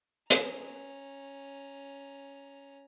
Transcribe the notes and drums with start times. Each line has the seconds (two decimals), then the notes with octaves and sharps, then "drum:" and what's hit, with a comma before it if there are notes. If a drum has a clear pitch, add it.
0.30 C#4 A#5, drum: hi-hat